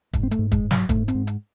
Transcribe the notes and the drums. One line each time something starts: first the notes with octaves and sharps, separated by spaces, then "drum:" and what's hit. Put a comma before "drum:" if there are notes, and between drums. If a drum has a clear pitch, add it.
G#2, drum: kick, hi-hat
C4
A3, drum: hi-hat
G#2
G#3, drum: kick, hi-hat
G#2
F#3, drum: snare
G#2 A3, drum: kick, hi-hat
C4, drum: hi-hat
G#2
drum: hi-hat